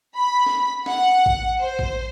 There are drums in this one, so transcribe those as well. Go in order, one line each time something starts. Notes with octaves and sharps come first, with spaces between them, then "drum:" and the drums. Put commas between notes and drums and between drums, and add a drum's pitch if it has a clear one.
B5
drum: snare
F#5, drum: snare
drum: kick A1
C5
drum: kick A1